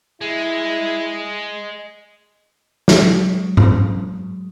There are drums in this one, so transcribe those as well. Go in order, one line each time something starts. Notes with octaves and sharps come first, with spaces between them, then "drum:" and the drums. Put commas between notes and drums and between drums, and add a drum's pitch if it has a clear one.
G#3 E4
F#3 G#3, drum: snare
drum: tom G#2